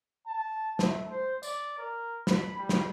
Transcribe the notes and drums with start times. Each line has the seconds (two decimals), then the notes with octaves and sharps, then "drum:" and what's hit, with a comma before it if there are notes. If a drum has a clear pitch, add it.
0.27 A5
0.79 A3, drum: snare
1.10 C5
1.43 D5, drum: tambourine
1.79 A#4
2.27 B5, drum: snare
2.58 G3
2.69 drum: snare